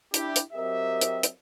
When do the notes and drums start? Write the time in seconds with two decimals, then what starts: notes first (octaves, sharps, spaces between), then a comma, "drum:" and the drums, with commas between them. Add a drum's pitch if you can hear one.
0.14 D4 E4 G4, drum: hi-hat
0.36 drum: hi-hat
0.53 F#3 C4 G4 A#4 D#5 E5
1.01 drum: hi-hat
1.23 drum: hi-hat